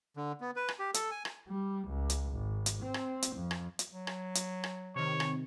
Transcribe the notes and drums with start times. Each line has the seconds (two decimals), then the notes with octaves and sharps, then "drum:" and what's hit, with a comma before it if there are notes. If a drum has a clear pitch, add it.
0.17 D3
0.41 B3
0.56 B4
0.69 drum: rim click
0.79 G4
0.94 A4, drum: hi-hat
1.11 G#5
1.25 drum: rim click
1.48 G3
1.88 C#2
2.10 drum: hi-hat
2.33 G#1
2.66 drum: hi-hat
2.83 C4
2.94 drum: rim click
3.22 drum: hi-hat
3.36 F2
3.51 drum: rim click
3.79 drum: hi-hat
3.93 F#3
4.07 drum: rim click
4.35 drum: hi-hat
4.64 drum: rim click
4.95 C3 D#3 C#5
5.20 drum: rim click